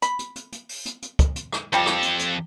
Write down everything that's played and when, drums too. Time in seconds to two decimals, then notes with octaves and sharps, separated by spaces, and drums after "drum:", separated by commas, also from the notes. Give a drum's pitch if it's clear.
0.02 B5, drum: hi-hat
0.19 drum: hi-hat
0.36 drum: hi-hat
0.52 drum: hi-hat
0.69 drum: open hi-hat
0.86 drum: hi-hat
1.02 drum: hi-hat
1.19 drum: kick, hi-hat
1.36 drum: hi-hat
1.52 drum: rim click
1.73 F2 F3 G3 G4 A4
1.86 drum: rim click
2.03 drum: hi-hat
2.19 drum: hi-hat